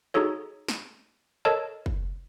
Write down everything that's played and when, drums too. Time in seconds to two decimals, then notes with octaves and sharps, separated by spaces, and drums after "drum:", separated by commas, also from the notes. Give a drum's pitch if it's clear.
0.14 D#4 F#4 G#4 A4 C#5
0.68 drum: snare
1.45 A4 A#4 C#5 D#5 A5
1.86 drum: kick